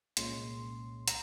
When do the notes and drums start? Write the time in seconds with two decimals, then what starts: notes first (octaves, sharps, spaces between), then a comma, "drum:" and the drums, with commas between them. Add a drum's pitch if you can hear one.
0.17 C2 A#2 G#3 C#4 C6, drum: hi-hat
1.08 A#5, drum: hi-hat